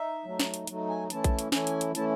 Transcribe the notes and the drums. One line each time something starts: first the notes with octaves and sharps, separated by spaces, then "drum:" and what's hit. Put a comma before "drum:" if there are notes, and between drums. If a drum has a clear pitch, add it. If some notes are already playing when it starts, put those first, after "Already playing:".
Already playing: D#4 E5
F#3 A3 D#4
drum: snare
drum: hi-hat
F#3 A3 D#4, drum: hi-hat
G#5
E3 A3 C#4 E4 A5, drum: hi-hat
drum: kick A#1, hi-hat
drum: hi-hat
E3 A3 C#4 E4 G#5, drum: snare
drum: hi-hat
drum: hi-hat
E3 A3 C#4 E4 A5, drum: hi-hat